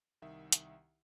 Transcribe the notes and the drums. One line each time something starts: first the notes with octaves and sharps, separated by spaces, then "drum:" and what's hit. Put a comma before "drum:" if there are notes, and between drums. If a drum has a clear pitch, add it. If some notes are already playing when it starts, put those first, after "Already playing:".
C2 D#3 E5
drum: hi-hat